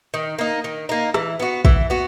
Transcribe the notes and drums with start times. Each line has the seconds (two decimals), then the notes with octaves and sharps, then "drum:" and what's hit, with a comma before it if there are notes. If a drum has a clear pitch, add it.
0.14 D#3
0.39 A#3 D#4
0.64 D#3
0.89 A#3 D#4
1.14 E3, drum: rim click
1.40 B3 F#4
1.65 E3, drum: kick
1.90 B3 F#4